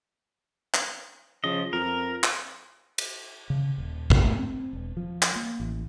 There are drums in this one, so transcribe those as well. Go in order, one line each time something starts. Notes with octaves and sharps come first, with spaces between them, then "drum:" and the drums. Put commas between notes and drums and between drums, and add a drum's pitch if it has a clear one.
drum: clap
C#3 F3 D#5
F2 A#4
drum: clap
drum: cymbal
C#3
D#1
drum: kick
A3
C4
E1
F3
drum: clap
A#3
A1